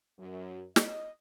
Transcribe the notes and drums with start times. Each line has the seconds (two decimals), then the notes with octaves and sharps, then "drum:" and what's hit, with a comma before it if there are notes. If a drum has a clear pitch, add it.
0.19 F#2
0.76 D#5, drum: snare